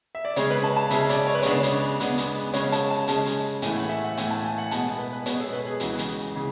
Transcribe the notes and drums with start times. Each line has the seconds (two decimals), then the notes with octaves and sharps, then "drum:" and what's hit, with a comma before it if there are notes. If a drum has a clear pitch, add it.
0.15 E5
0.25 D5
0.36 C#3 G#3 C#4 C#5, drum: hi-hat
0.50 B4
0.64 A5
0.76 A5
0.91 C#3 G#3 C#4 E5, drum: hi-hat
1.09 D5, drum: hi-hat
1.27 C#5
1.35 B4
1.42 C#3 G#3 B3 D4 C#5, drum: hi-hat
1.63 drum: hi-hat
2.00 C#3 G#3 B3 D4, drum: hi-hat
2.18 drum: hi-hat
2.54 C#3 G#3 C#4 C#5, drum: hi-hat
2.72 A5, drum: hi-hat
2.91 A5
3.08 C#3 G#3 C#4, drum: hi-hat
3.26 drum: hi-hat
3.62 A2 E3 A3 G#5, drum: hi-hat
3.76 F#5
3.89 E5
4.04 F#5
4.17 A2 E3 A3 G#5, drum: hi-hat
4.31 A5
4.45 G#5
4.58 F#5
4.71 B2 G#3 B3 A5, drum: hi-hat
4.85 G#5
4.98 B4
5.13 B4
5.26 B2 G#3 B3 C#5, drum: hi-hat
5.35 G#4
5.40 A4
5.53 B4
5.67 G#4
5.80 C#2 C#3 E3 G#3 F#4, drum: hi-hat
5.99 drum: hi-hat
6.35 C#3 E3